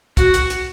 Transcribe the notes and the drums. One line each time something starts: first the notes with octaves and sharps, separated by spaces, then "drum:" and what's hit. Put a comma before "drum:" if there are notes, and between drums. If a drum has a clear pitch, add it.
F#4, drum: kick, hi-hat
drum: hi-hat
drum: hi-hat